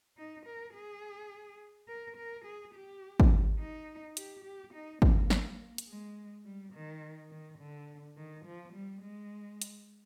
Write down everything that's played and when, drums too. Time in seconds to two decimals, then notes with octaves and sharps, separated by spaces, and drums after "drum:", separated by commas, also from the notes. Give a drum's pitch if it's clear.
0.17 D#4
0.46 A#4
0.74 G#4
1.88 A#4
2.17 A#4
2.45 G#4
2.74 G4
3.20 drum: kick
3.59 D#4
4.17 G4, drum: hi-hat
4.45 G4
4.74 D#4
5.02 A#3, drum: kick
5.30 drum: snare
5.78 drum: hi-hat
5.88 G#3
6.45 G3
6.73 D#3
7.31 D#3
7.59 D3
8.17 D#3
8.45 F3
8.73 G3
9.02 G#3
9.62 drum: hi-hat